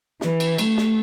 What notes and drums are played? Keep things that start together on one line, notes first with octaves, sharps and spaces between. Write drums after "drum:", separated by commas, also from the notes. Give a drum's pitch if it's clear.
E3, drum: snare
drum: cymbal
A3, drum: cymbal
drum: snare